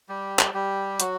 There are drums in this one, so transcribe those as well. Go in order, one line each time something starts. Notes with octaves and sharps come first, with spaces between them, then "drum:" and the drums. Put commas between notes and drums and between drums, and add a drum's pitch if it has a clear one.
G3 G4
drum: clap
G3 G4
F#3 F#4, drum: hi-hat